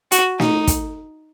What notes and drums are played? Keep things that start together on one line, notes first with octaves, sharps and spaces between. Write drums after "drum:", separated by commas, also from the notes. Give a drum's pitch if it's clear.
F#4, drum: hi-hat
D#4, drum: snare
drum: kick, hi-hat